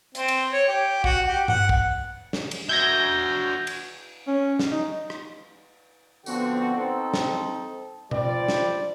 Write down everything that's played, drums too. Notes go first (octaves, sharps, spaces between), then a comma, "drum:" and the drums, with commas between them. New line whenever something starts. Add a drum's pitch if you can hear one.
C4, drum: hi-hat
drum: cymbal
C#5
G4
F#4, drum: kick
G4
F#5, drum: tom G2
drum: kick
drum: snare
drum: cymbal
F#4 E5 G6 G#6 A#6
drum: cymbal
C#4
drum: snare
D#4
drum: rim click
D3 F3 B3 C4 F#4, drum: tambourine
C4 D#4 A4
drum: snare
F3 G3 D5, drum: tom B2
drum: snare